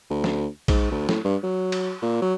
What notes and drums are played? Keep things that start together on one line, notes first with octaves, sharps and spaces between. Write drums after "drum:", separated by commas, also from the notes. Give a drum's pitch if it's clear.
D2
drum: snare
G#2, drum: kick, cymbal
D2
A2, drum: snare
G2
F#3
drum: cymbal
A#2
F#3